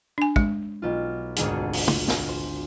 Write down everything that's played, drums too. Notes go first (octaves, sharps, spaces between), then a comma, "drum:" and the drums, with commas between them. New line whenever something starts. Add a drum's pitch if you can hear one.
D4 G#5
G#3, drum: kick
B1 F4
G#1 D2 G#4, drum: hi-hat
drum: open hi-hat
drum: tom
drum: snare
C5